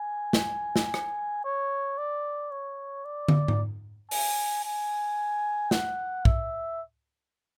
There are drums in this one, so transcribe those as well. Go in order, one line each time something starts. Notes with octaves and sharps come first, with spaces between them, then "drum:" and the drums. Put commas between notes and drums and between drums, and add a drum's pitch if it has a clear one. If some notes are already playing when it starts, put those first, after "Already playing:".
Already playing: G#5
drum: snare
drum: snare
drum: rim click
C#5
D5
C#5
D5
drum: tom
drum: tom G#2
G#5, drum: open hi-hat
G#5
F#5, drum: snare
E5, drum: kick B1